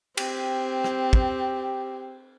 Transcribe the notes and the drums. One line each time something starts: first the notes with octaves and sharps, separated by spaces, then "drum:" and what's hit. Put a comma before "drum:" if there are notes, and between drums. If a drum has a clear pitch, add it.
C4 G4, drum: cymbal
drum: rim click
drum: kick